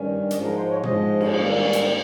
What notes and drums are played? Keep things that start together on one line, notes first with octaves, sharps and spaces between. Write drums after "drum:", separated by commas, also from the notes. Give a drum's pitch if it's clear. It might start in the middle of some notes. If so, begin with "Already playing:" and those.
Already playing: G2 D#3 G3 C#4
G#2 F3 G#3 D#5, drum: hi-hat
A#4
C5
C#5
G#2 F3 G#3 D#5, drum: tom
drum: cymbal
G#2 D#3 G3 A#3
drum: hi-hat